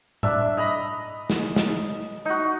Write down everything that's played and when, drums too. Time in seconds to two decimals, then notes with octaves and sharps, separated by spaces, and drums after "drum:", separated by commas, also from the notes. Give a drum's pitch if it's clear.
0.23 D4 E5, drum: tom
0.57 D#5 A#5 B5
1.30 drum: snare
1.56 drum: snare
2.25 D#4 F#4